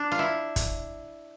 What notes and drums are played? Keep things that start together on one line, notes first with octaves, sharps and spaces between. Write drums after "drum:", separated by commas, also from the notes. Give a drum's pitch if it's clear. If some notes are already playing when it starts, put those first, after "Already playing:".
Already playing: D4
F4
E4
drum: kick, hi-hat